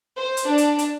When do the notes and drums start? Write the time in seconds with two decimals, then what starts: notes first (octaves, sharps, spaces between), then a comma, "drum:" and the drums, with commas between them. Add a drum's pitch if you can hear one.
0.16 C5
0.37 drum: hi-hat
0.46 D4
0.58 drum: hi-hat
0.79 drum: hi-hat